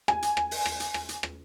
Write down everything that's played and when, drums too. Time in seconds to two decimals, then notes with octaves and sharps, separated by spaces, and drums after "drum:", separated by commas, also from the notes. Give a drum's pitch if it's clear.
0.08 G#5, drum: rim click
0.22 drum: hi-hat
0.37 drum: rim click
0.51 drum: open hi-hat
0.66 drum: rim click
0.80 drum: hi-hat
0.94 drum: rim click
1.09 drum: hi-hat
1.23 drum: rim click